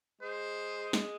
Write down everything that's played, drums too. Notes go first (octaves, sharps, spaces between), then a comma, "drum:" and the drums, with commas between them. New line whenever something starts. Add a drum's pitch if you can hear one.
G#3 C5
G#3, drum: snare